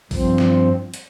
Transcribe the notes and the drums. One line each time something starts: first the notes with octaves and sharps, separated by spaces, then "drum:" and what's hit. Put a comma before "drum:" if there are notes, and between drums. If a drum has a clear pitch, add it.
G2 F3 C4, drum: kick, open hi-hat
drum: snare
drum: hi-hat